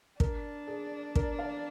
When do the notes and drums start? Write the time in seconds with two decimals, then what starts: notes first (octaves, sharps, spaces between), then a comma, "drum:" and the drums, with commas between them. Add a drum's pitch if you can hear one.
0.20 D4 A#4, drum: kick
0.67 G#4
1.15 A#4, drum: kick
1.39 F5